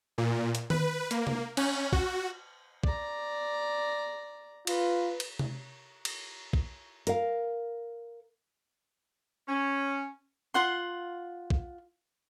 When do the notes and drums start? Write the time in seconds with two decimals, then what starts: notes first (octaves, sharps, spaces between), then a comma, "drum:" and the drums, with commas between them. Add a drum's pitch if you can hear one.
0.18 A#2
0.55 drum: hi-hat
0.70 B4, drum: tom D#3
1.11 A#3, drum: hi-hat
1.27 drum: tom C3
1.57 C#4, drum: cymbal
1.93 F#4, drum: kick
2.84 D5 A#5, drum: kick
4.67 F4 B4, drum: cymbal
5.20 drum: cymbal
5.39 drum: tom C3
6.05 drum: cymbal
6.53 drum: kick
7.07 A#4 F5, drum: hi-hat
9.48 C#4
10.54 F4 F#5 C6
11.50 drum: kick